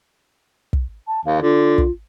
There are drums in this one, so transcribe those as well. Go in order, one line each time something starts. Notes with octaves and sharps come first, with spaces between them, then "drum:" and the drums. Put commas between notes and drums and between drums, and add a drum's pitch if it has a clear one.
drum: kick
A5
D#2 F5
D3 F4
drum: kick